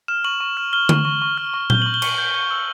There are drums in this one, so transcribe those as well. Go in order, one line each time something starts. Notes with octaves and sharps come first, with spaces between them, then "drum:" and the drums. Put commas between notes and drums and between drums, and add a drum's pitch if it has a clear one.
F6 E7
C#6 F#7
C#6
F6
F6 G7
C#6, drum: tom D3
C#6
C#6
F6
C#6
G6 G7, drum: tom A#2
C#6 F#7
G7
C#6 F#7, drum: cymbal
G6
G6
E6